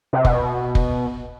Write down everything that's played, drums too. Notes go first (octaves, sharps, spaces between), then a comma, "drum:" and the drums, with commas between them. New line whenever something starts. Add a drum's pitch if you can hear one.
C3
B2, drum: kick F1
drum: kick F1